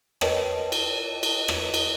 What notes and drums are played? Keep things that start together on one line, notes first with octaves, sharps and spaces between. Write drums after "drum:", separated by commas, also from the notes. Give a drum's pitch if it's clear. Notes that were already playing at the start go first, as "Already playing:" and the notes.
A#4 B4 C#5 D#5 G5 A5, drum: rim click
drum: cymbal
drum: cymbal
drum: rim click
drum: cymbal